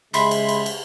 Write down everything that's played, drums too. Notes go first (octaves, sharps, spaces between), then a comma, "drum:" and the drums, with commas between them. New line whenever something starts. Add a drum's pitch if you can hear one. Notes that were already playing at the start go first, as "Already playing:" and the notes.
C#3 G#3 E5 B5 C6, drum: cymbal
drum: cymbal
drum: cymbal
drum: cymbal